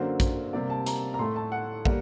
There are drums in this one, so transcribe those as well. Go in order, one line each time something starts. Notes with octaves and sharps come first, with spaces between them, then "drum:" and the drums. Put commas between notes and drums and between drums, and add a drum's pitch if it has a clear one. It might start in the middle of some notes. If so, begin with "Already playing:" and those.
Already playing: F#2 D3 F#3 A#3 C5
drum: kick, hi-hat
C3 G3 A#3 D5
A5
A#5, drum: hi-hat
A#5
A2 A3 C6
A5
F#5
G3 A#3, drum: kick